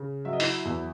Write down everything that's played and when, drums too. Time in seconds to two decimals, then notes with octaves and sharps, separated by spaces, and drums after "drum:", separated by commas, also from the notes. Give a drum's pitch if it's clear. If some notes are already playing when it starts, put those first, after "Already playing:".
Already playing: C#3
0.25 F#3 E5
0.33 D#5
0.40 E4 E5, drum: open hi-hat
0.65 E2